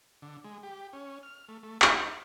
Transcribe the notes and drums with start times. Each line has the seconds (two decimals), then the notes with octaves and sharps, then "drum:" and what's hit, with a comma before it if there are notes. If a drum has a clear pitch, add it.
0.22 D3
0.44 G#3
0.63 G4
0.93 C#4
1.23 F6
1.49 A3
1.63 A3
1.82 D#4, drum: clap